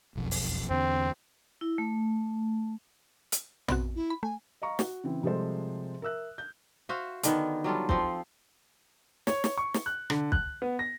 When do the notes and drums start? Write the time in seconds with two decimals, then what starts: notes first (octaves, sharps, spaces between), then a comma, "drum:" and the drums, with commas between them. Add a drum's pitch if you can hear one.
0.15 E1 B1 F2
0.31 drum: open hi-hat
0.70 E2 D3 C4
1.61 E4
1.78 A3
3.32 drum: hi-hat
3.68 B3 C4 F#4, drum: tom A#1
3.95 E4
4.10 B5
4.23 A3 G#5
4.62 D#5 F5 A#5 C#6
4.79 F#4, drum: snare
5.04 C#3 E3 C4
5.23 C3 F3 G3 G#3 A4 C5
6.02 A#4 E5 E6 F#6
6.38 G6
6.89 F#4 C5 E5 F5
7.23 D3 D#3 B3, drum: hi-hat
7.64 F#3 G3 F4 A4
7.89 F3 C4, drum: kick
9.27 C#5, drum: snare
9.44 drum: snare
9.58 C#6
9.74 drum: snare
9.86 F#6
10.10 D3, drum: rim click
10.32 F#6, drum: kick
10.62 B3
10.79 A#6